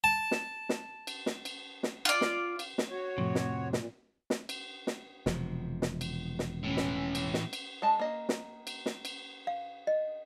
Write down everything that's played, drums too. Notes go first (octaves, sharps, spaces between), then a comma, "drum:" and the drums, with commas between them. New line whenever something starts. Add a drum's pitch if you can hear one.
A5
drum: snare
drum: snare
drum: cymbal
drum: snare
drum: cymbal
drum: snare
F4 D5
drum: snare
drum: cymbal
drum: snare
F#4 C#5
F2 A2 C3 F3 A3
drum: snare
A#2, drum: snare
drum: snare
drum: cymbal
drum: snare
E1 C3 F3, drum: snare
drum: snare
drum: cymbal
drum: snare
A2 E3 C#4
drum: snare
drum: cymbal
drum: snare
drum: cymbal
G#3 D#5 A5
A#3 D#5
drum: snare
drum: cymbal
drum: snare
drum: cymbal
F5
D#5